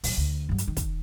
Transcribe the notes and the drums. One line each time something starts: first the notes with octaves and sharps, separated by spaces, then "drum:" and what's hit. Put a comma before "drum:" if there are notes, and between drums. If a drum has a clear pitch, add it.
A#2 F#3, drum: open hi-hat
D2
G2 F#3
drum: hi-hat
D#3
drum: kick, hi-hat